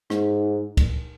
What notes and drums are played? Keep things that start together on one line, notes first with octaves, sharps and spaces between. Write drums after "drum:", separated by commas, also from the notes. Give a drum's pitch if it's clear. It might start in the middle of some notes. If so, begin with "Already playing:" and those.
G#2, drum: rim click
drum: kick C#2, cymbal